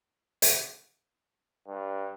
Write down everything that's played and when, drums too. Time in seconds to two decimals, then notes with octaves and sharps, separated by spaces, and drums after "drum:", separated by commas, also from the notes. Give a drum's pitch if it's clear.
0.42 drum: hi-hat
1.68 G2